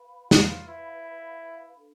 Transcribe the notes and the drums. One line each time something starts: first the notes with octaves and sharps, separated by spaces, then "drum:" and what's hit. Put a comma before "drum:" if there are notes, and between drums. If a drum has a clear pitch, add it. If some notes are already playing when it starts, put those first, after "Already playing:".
Already playing: B4 F5 B5
F4, drum: snare
E4
D4 A4